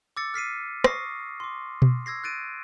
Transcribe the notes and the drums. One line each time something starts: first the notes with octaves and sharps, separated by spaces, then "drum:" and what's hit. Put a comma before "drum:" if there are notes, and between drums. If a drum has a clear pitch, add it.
D6 E6 A6 C#7
F6 B6 C7 D#7
C#6 D#6 A#6 C7, drum: rim click
C6 D6
drum: tom B2
E6 G#6 A#6 C7
F#6 A6 D7 D#7